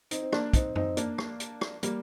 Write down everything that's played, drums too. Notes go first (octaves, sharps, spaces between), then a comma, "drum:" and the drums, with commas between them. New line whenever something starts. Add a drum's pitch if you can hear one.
C4 D#4, drum: hi-hat
C4
A#3 D4, drum: rim click
C4 D#4, drum: kick, hi-hat
C4 D#4, drum: tom F#2
A#3 D4, drum: hi-hat
drum: rim click
drum: hi-hat
drum: rim click
G3 A#3, drum: hi-hat